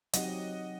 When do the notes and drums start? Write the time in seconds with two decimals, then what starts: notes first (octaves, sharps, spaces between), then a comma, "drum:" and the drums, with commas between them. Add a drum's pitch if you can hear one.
0.13 F#3 C4 D#4 G4 D#5 F#5, drum: hi-hat